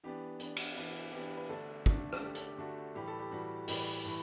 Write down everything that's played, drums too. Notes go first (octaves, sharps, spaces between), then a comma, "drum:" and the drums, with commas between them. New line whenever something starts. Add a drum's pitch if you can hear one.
E3 B3 D4 G4
E3 B3 D4, drum: hi-hat
drum: cymbal
E3 B3 D4
E3 B3 D4 G4
G4
B4
D3 A3 D4 A4
D3 A3 D4, drum: kick
drum: rim click
D3 A3 D4 G4
A4, drum: hi-hat
G4
D3 A3 D4 F#4
A2 E3 G3 G4
A4
G4
A2 E3 G3 F#4
A2 E3 G3 G4, drum: open hi-hat
A2 E3